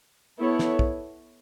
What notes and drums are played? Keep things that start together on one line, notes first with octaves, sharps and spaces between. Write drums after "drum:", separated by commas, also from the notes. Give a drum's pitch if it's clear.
B3 E4 A4 C#5
drum: snare
drum: kick